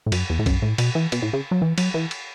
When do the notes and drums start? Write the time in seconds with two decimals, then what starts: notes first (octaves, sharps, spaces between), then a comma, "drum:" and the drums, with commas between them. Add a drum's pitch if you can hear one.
0.06 A2
0.12 F#2, drum: cymbal
0.30 E2
0.39 A2
0.46 F#2, drum: kick A#1, cymbal
0.62 A2
0.78 B2, drum: cymbal
0.95 E3
1.12 B2, drum: cymbal
1.22 A2
1.33 C#3
1.51 F#3
1.62 E3
1.78 F#3, drum: cymbal
1.94 E3
2.11 drum: cymbal